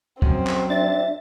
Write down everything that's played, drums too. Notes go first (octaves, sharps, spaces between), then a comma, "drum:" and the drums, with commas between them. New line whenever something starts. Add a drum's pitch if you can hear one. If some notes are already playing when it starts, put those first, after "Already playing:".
F#2 C4, drum: kick
drum: clap
D4 E5 A6